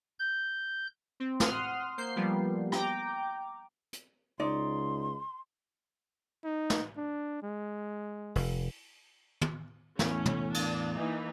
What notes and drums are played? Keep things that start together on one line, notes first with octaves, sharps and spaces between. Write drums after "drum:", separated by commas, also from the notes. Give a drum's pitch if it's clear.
G6
C4
F#5 C6 D#6 F6, drum: snare
A#3 C5 G6 C7
F3 G3 A#3 B3
G5 A#5 D6, drum: rim click
drum: hi-hat
C#2 D#4 D5 C6
D#4
drum: snare
D4
G#3
F1, drum: open hi-hat
drum: tom
E2 A2 A3 C#4, drum: snare
drum: tom
D4, drum: cymbal
E3 A#3 D#4